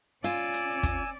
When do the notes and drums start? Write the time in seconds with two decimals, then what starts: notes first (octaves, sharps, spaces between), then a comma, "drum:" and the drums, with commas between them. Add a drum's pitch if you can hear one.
0.24 C#4 F4 D5 G#5 E6, drum: hi-hat
0.54 drum: hi-hat
0.83 drum: kick, hi-hat